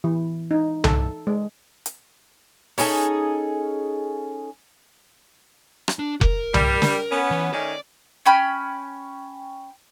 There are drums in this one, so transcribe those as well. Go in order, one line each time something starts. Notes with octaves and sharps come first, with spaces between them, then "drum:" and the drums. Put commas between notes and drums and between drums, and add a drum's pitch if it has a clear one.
E3
D#4
A4, drum: tom C2
G#3
drum: hi-hat
C#4 D#4 G#4 A4, drum: open hi-hat
drum: rim click
D4
A#4, drum: kick F1
G3, drum: tom C2
drum: snare
B3 C#4
E3
D#3 A3 C#4 D5
C#4 G5 B5 F6